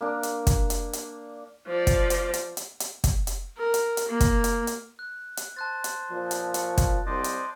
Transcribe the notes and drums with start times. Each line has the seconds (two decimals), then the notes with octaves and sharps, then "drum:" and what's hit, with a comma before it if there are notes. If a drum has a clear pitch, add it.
0.01 A#3 D4
0.23 drum: hi-hat
0.47 drum: kick, hi-hat
0.70 drum: hi-hat
0.93 drum: hi-hat
1.67 F3 D5
1.87 drum: kick, hi-hat
2.10 drum: hi-hat
2.34 drum: hi-hat
2.57 drum: hi-hat
2.80 drum: hi-hat
3.04 drum: kick, hi-hat
3.27 drum: hi-hat
3.58 A#4
3.74 drum: hi-hat
3.97 drum: hi-hat
4.08 A#3
4.20 drum: kick, hi-hat
4.44 drum: hi-hat
4.67 drum: hi-hat
4.99 F#6
5.37 drum: hi-hat
5.56 C5 A5 F#6 A6
5.84 drum: hi-hat
6.11 A#2 F3
6.31 drum: hi-hat
6.54 C#6, drum: hi-hat
6.78 drum: kick, hi-hat
7.06 C2 C5 D5 D#5
7.24 drum: hi-hat